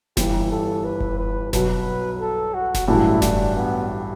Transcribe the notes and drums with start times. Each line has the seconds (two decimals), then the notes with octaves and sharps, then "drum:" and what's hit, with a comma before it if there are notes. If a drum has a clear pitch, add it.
0.17 G1 G2 E3 G4, drum: snare F1
0.51 A4
0.85 B4
1.00 drum: kick F1
1.19 B4
1.53 B1 B2 F#3 B4, drum: snare F1
2.20 A4
2.54 F#4
2.75 drum: snare F1
2.88 A1 G2 D3 F#3 A3 E4
3.22 D4, drum: snare F1
3.55 B3